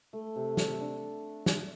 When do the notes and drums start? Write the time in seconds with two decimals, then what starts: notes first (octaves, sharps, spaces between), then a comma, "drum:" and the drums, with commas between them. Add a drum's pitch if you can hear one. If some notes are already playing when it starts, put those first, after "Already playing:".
0.13 A3
0.36 C3
0.57 A4, drum: snare
0.80 D4
1.46 drum: snare